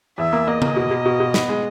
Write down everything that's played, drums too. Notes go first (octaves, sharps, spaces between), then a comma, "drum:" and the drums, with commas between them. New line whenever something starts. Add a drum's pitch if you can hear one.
E2 E5
A#3
A#3 D#5
A#3, drum: tom C#3
B2
B2
B2
B2
B3, drum: snare
G#3